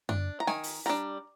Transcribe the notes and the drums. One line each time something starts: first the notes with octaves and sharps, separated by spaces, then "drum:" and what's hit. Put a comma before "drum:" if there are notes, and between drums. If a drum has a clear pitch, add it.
D4, drum: tom F#2
A#5
D#3 G#5, drum: snare
drum: open hi-hat
G3 D4 A#5